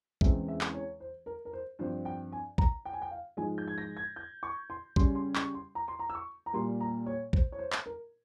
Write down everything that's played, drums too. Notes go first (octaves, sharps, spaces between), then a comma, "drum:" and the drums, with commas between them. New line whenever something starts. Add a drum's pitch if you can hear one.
E2 C#3 E3 G#3 C4 E5, drum: kick A#1
E5
drum: clap
C#5
C5
A#4
A#4
C5
G2 F3 C4 C5
G5
G#5
A#5, drum: kick A#1
G5
G#5
G5
F5
G#2 F3 G#3 G#5
G6
G#6
A#6
G#6
G6
C#6
C6
C#3 G3 C#4 C6, drum: kick A#1
C6
C#6, drum: clap
C6
A#5
C6
A#5
E6
C#6
A#5
A#2 G3 A#3 C6
A#5
C#5
C5, drum: kick A#1
C#5
C5
drum: clap
A#4